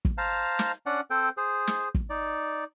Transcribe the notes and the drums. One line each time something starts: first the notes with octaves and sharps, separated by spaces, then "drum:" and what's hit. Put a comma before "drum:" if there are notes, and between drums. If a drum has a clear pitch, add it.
drum: kick
C5 F5 A5 A#5
drum: snare
C#4 D4 D5 F#5
C4 A4 C5 G5
G#4 C5
drum: snare
drum: kick
D#4 D5